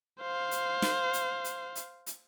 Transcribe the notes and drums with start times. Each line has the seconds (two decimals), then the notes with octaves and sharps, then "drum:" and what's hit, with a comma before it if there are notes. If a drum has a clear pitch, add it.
0.20 C5 F5
0.51 drum: hi-hat
0.82 drum: snare
1.13 drum: hi-hat
1.44 drum: hi-hat
1.75 drum: hi-hat
2.07 drum: hi-hat